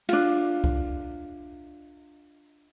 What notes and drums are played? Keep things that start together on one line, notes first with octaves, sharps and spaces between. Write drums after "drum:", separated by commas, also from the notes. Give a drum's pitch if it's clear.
D4 F4, drum: cymbal
drum: kick C2